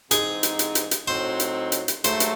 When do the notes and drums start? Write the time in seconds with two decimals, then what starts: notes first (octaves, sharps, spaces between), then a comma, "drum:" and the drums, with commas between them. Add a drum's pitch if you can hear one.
0.11 G#2 E3 C4 D#4 G#4, drum: hi-hat
0.43 drum: hi-hat
0.59 drum: hi-hat
0.75 drum: hi-hat
0.91 drum: hi-hat
1.08 A2 F#3 C4 D#4 F#4 C5
1.40 drum: hi-hat
1.72 drum: hi-hat
1.88 drum: hi-hat
2.04 G#2 F#3 A3 C5, drum: hi-hat
2.20 drum: hi-hat